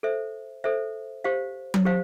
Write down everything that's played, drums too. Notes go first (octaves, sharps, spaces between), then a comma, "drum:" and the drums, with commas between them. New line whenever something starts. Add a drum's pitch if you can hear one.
A4 C5 E5
A4 C5 E5
G4 C5 F5
drum: tom F#3
G4 C5 F5